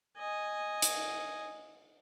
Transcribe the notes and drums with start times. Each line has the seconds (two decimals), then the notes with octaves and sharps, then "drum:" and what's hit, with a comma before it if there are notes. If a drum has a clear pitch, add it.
0.17 D#5 G#5
0.82 drum: hi-hat